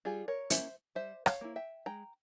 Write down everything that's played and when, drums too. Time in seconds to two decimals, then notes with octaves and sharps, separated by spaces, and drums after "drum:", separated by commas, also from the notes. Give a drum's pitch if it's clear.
0.05 G3 F4 G#4
0.28 A#4 C#5
0.50 A#3 C#4 E4 C5 E5, drum: hi-hat
0.95 G3 C5 E5
1.26 C#5 F5, drum: rim click
1.41 A#3 C#4 E4
1.56 E5 G5
1.86 G#3 G5 A#5